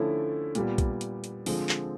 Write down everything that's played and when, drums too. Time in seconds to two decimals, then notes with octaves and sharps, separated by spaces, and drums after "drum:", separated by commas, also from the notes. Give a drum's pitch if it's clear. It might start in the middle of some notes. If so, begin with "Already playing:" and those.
Already playing: D3 F3 A3 C#4 E4
0.55 A#2 G3 B3, drum: hi-hat
0.78 drum: kick, hi-hat
1.01 drum: hi-hat
1.24 drum: hi-hat
1.46 D3 F3 G#3 C4, drum: open hi-hat
1.69 drum: clap